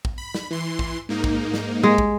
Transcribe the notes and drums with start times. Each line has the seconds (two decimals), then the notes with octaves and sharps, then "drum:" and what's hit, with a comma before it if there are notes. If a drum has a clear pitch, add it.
0.05 drum: kick
0.18 B5
0.35 drum: snare
0.51 E3 C6
0.79 drum: kick
1.09 G#2 A#3 D#4
1.24 drum: kick
1.54 drum: snare
1.83 G#3
1.98 drum: kick